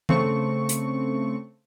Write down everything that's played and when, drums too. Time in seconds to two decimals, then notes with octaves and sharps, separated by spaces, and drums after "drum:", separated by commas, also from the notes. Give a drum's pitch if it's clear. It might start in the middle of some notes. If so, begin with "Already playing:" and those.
0.09 C#3 A3 C4 C#6, drum: tom E3
0.69 drum: hi-hat